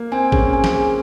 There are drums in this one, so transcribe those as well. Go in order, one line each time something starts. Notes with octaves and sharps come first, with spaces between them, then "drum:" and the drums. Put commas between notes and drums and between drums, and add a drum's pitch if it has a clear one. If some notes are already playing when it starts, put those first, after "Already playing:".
Already playing: A#3
C4 G#5
C#4 G#4, drum: kick
G#5
drum: snare
G#4